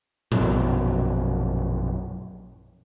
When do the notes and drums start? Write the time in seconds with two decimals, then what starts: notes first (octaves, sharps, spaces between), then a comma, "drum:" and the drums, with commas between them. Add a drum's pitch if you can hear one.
0.32 A#1 F#2 B2, drum: tom